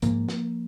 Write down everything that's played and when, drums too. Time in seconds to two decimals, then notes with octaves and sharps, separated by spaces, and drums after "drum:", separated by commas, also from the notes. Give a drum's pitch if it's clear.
0.02 G#2 F3 A#3, drum: hi-hat
0.29 drum: snare